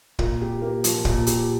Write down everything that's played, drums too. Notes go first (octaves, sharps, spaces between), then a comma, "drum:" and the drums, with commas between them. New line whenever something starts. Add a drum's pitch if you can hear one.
A#2, drum: kick
G4
A#3
F3, drum: hi-hat
A#2, drum: kick
G4, drum: hi-hat